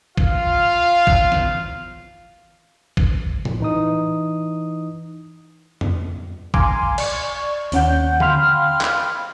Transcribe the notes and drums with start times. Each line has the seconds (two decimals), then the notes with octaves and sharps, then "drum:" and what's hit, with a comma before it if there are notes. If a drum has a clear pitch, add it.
0.17 F4 F5, drum: kick
1.07 drum: kick
1.32 drum: snare
2.97 drum: kick
3.45 drum: tom A2
3.60 E3 D#4 D#6
5.81 drum: tom F2
6.54 F5 G#5 A#5 C6 D6, drum: kick
6.98 D5 C#6, drum: cymbal
7.72 D#2 C#4 F#5 G6, drum: open hi-hat
8.20 F5 G5 B5 C6 F6, drum: tom D3
8.81 drum: clap